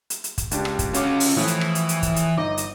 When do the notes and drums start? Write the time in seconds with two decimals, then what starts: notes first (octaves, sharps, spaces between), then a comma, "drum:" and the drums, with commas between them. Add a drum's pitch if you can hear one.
0.10 drum: hi-hat
0.24 drum: hi-hat
0.38 drum: kick, hi-hat
0.51 C#2 D4 G4, drum: hi-hat
0.65 drum: rim click
0.79 drum: kick, hi-hat
0.94 C#4 F4 F#4 D6, drum: hi-hat
1.20 drum: open hi-hat
1.37 A2 E3 F3
1.48 drum: hi-hat
1.61 drum: rim click
1.75 drum: hi-hat
1.89 drum: hi-hat
2.03 drum: kick, hi-hat
2.16 drum: hi-hat
2.38 G1 D#4 D#5 D6
2.57 drum: hi-hat